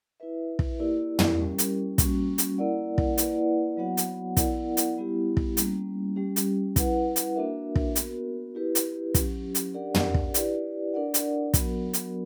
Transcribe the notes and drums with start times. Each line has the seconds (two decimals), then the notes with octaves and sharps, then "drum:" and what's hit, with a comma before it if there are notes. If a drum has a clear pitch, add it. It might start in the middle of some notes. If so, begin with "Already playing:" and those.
0.20 E4 B4 E5
0.59 drum: kick
0.79 A#3 E4 G4 A#4 D5
1.19 drum: tom
1.39 G3 C#4 G4 A#4
1.58 drum: hi-hat
1.98 G3 A#3 C#4 F#4, drum: kick, hi-hat
2.38 drum: hi-hat
2.58 A#3 E4 A#4 D5 F#5
2.98 drum: kick
3.18 A#3 E4 B4 D5 F#5, drum: hi-hat
3.77 F#3 B3 F#4 C#5 F#5
3.97 drum: hi-hat
4.37 B3 E4 A#4 D5 F#5, drum: kick, hi-hat
4.77 drum: hi-hat
4.97 G3 B3 E4 G4
5.37 drum: kick
5.57 G3 A#3 C#4, drum: hi-hat
6.16 G3 C#4 G4
6.36 drum: hi-hat
6.76 E4 B4 F#5, drum: kick, hi-hat
7.16 drum: hi-hat
7.35 A#3 D4 F#4 A#4 E5
7.76 drum: kick
7.96 B3 F#4 A#4, drum: hi-hat
8.55 E4 G4 B4
8.75 drum: hi-hat
9.15 F#3 C#4 G4, drum: kick, hi-hat
9.55 drum: hi-hat
9.74 D4 G4 A#4 D5 F#5
9.94 drum: tom
10.14 drum: kick
10.34 E4 G4 B4 D5, drum: hi-hat
10.94 D4 A#4 D5 F#5
11.14 drum: hi-hat
11.54 F#3 B3 F#4 A#4, drum: kick, hi-hat
11.94 drum: hi-hat